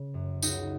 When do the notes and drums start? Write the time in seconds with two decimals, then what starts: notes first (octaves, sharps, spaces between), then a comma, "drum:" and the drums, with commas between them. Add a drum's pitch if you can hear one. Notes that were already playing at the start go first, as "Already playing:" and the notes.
Already playing: C#3
0.14 F#2
0.42 C#2 D#4 F#4, drum: tambourine